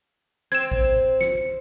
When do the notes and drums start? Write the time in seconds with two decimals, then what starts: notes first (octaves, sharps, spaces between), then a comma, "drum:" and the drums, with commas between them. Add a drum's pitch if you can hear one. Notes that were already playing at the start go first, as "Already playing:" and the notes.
0.52 C4 G#6 E7
0.72 drum: kick A1
1.21 C#7, drum: snare